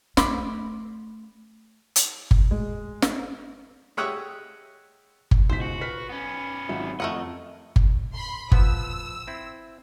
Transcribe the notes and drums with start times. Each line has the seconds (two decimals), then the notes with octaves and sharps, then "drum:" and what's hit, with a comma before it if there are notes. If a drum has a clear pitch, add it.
0.17 A3 B5 C6 D6, drum: snare
1.96 drum: hi-hat
2.31 drum: kick G1
2.51 G#3
3.02 drum: snare
3.97 G#3 G4 C#5 E5 F#5 D#6
5.31 drum: kick G1
5.49 C#2 B2 C5 B6
5.61 F#4
5.81 B4 F6 B6
6.09 B3 C#4
6.69 G#1 F#3 E5
7.00 F2 A3 A#4 D#5 F#5
7.76 drum: kick G1
8.13 B5 C6
8.52 F3 B3 E6, drum: kick G1
9.27 C4 E4